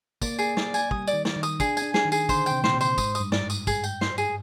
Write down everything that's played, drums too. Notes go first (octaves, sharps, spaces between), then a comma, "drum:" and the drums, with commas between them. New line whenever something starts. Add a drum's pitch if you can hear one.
A#3 D5, drum: kick, tambourine
G#4, drum: tambourine
D5, drum: snare
G#5, drum: tambourine
G3 D#6, drum: kick
D5, drum: tambourine
D#3
D5, drum: snare
D#3
D#6, drum: tambourine
D4 G#4, drum: kick, tambourine
G#5, drum: tambourine
D4
G#4, drum: snare
D#3
G#4, drum: tambourine
D3 C5, drum: kick, tambourine
G5, drum: tambourine
C3
A#2 C5, drum: snare
C3
C5, drum: tambourine
G#2 D#6, drum: kick, tambourine
D#6, drum: tambourine
G2
D5, drum: snare
G#2
D#6, drum: tambourine
G#4, drum: kick, tambourine
G5, drum: tambourine
C5, drum: snare
G#4, drum: tambourine